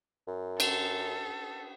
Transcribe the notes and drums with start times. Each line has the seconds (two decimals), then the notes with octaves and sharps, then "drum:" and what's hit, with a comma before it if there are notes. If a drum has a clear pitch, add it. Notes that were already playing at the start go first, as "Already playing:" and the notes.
0.27 F#2
0.60 A4, drum: cymbal